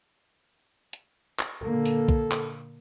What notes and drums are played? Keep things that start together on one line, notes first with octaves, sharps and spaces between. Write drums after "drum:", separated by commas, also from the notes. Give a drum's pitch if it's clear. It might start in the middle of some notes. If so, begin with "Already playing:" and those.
drum: hi-hat
drum: clap
A#2 D3 A#3 A4
drum: open hi-hat
drum: kick
drum: clap